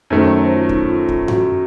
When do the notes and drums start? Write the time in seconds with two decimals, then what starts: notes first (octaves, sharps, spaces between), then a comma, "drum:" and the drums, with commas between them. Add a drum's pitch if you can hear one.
0.10 F#2 D#3 A3 C5
0.25 C#5
0.40 C5
0.55 F4
0.69 D#4, drum: kick
0.89 F4
1.09 F4, drum: kick
1.28 F#4, drum: tom G2